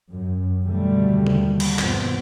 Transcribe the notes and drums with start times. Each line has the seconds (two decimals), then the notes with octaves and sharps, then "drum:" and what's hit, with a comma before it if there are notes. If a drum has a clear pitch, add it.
0.12 F#2
0.65 D#2 B2 D3 G3 A3
1.27 drum: tom C3
1.60 drum: cymbal
1.79 G1 D#2 B2 F3 B3 C4, drum: clap